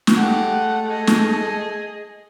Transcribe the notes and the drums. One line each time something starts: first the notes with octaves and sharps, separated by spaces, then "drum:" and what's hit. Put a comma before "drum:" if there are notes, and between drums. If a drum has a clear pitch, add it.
drum: snare
G#3 A3 G4 F#5
G#4 D#5
drum: snare